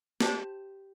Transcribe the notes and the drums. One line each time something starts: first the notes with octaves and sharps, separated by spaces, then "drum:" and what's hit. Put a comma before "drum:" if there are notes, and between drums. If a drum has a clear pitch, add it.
D4 G4 C5 A5, drum: snare